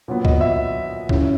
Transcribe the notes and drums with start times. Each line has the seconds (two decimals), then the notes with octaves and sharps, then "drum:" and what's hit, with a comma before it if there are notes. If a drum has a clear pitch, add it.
0.08 A#2 F#3 B3
0.25 D#5, drum: kick
0.41 E5
1.09 F#2 C#3 E3, drum: kick